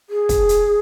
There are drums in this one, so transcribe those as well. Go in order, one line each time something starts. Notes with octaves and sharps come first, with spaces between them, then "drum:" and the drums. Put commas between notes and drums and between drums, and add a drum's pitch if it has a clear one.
G#4
drum: kick, hi-hat
drum: hi-hat